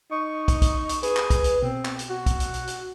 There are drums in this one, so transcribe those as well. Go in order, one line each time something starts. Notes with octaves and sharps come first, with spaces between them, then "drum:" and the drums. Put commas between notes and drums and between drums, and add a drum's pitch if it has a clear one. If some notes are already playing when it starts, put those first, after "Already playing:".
D#4 C#6
drum: kick, hi-hat
drum: kick, hi-hat
drum: hi-hat
G#4 B4, drum: hi-hat
drum: clap
drum: kick, hi-hat
drum: hi-hat
B2 C4
drum: clap
drum: hi-hat
F#4
drum: kick, hi-hat
drum: hi-hat
drum: hi-hat
drum: hi-hat